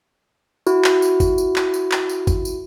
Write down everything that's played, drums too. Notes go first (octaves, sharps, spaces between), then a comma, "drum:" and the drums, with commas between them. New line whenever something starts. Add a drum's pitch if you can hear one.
E4 F#4, drum: tambourine
drum: clap
drum: tambourine
drum: kick, tambourine
drum: tambourine
drum: clap
drum: tambourine
drum: clap
drum: tambourine
drum: kick, tambourine
drum: tambourine